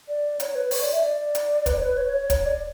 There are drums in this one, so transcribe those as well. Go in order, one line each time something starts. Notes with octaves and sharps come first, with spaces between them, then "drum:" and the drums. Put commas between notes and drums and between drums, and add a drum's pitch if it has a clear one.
D5
C#5, drum: hi-hat
B4
C#5, drum: open hi-hat
D5
E5
D5
drum: hi-hat
B4, drum: kick, hi-hat
C#5
B4
C#5
C#5
C#5, drum: kick, hi-hat
D5